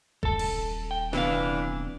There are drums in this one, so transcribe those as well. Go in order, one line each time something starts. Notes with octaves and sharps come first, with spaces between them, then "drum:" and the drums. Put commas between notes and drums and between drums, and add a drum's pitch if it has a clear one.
D#1 A4 A5, drum: kick A1
drum: cymbal
G5
C3 E3 B3 D4 F5, drum: snare